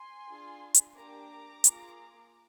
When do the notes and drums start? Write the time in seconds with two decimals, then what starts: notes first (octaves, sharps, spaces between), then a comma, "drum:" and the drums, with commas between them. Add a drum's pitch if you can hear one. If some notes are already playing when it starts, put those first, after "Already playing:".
Already playing: G#5 C6
0.30 D4 F4 G#4
0.74 drum: hi-hat
0.96 A#3 D4 G4 A#5 D6
1.64 A#3 F4 G#4, drum: hi-hat